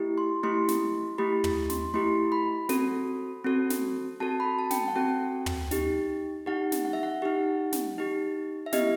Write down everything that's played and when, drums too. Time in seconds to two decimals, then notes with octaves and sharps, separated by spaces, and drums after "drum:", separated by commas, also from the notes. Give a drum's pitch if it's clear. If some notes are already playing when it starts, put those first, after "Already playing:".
Already playing: A3 E4 G4
0.18 C6
0.43 A3 E4 G4 C6
0.68 drum: snare
1.18 A3 E4 G4 B5
1.44 drum: tom
1.70 C6, drum: snare
1.94 A3 E4 G4 C6
2.32 B5
2.69 C4 F#4 A4, drum: snare
3.44 C4 F#4 A4
3.70 drum: snare
4.20 C4 F#4 A4 A5
4.40 B5
4.59 A5
4.71 G5, drum: snare
4.77 A5
4.88 F#5
4.96 C4 F#4 A4 G5
5.46 drum: tom
5.71 D#4 G4, drum: snare
6.46 D#4 G4 F#5
6.72 drum: snare
6.85 F#5
6.93 E5
7.03 F#5
7.22 D#4 G4
7.72 drum: snare
7.98 D#4 G4
8.66 E5
8.72 B3 E4 G4 D#5, drum: snare